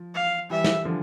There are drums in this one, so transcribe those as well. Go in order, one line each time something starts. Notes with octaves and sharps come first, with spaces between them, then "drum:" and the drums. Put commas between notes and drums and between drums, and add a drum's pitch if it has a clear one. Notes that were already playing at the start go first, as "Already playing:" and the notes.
Already playing: F3
F5
E3 G3 E5
drum: snare
D3 F3